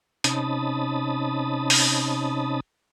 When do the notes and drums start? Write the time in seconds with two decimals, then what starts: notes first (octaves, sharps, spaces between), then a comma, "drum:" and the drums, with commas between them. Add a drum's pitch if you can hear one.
0.24 C3 C#4 D#4 A5 B5 D#6, drum: hi-hat
1.70 drum: open hi-hat